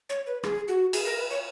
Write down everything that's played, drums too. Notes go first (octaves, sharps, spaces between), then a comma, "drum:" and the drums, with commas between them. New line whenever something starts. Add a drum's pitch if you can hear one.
C#5
B4
G#4, drum: rim click
F#4
G#4, drum: cymbal
A#4
B4
C#5